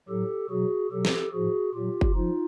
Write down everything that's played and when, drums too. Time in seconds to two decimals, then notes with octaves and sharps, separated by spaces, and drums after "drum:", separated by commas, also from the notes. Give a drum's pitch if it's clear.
0.09 A2 F#3 G4 A4
0.50 B2 F#3 F#4 G#4
0.91 B2 F#3 G4 A4
1.05 drum: snare
1.33 A2 F3 F#4 G#4
1.74 A#2 F#3 F4 G4
2.01 drum: kick F#1
2.15 F3 D#4 F4